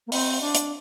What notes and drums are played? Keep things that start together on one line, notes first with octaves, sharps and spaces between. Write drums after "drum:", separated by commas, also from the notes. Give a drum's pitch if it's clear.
A#3
C4, drum: open hi-hat
D4
drum: hi-hat